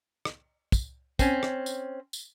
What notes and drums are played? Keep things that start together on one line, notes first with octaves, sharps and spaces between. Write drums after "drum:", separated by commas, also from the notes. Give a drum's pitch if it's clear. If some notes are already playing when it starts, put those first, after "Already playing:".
drum: rim click
drum: kick, tambourine
C4 C#4, drum: kick, tambourine
drum: rim click
drum: tambourine
drum: tambourine